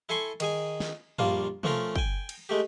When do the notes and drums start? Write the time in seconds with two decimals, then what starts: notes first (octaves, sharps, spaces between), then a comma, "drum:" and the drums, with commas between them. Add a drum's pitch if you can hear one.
0.09 E4 A4 G#5 C6 C#6
0.40 D#3 G#4 G#5, drum: cymbal
0.80 drum: snare
1.19 A#1 G3 A#3 F4 A5, drum: tom
1.63 F3 A3 C#4 F4 A#4, drum: tom
1.96 G5 G#5, drum: kick
2.29 drum: cymbal
2.49 G#3 A3 G4